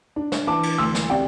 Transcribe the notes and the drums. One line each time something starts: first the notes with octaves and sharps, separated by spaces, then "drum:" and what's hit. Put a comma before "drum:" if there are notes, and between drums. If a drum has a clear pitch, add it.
D4
drum: snare
E3 A5 D6
drum: cymbal
D2 C6 E6
drum: snare
C3 D5 G5